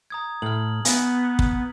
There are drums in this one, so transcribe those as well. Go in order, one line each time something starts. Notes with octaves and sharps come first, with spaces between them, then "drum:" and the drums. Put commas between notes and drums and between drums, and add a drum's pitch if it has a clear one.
A#5 D#6 G#6
A2 F6 F#7
B3 G#5, drum: hi-hat
drum: kick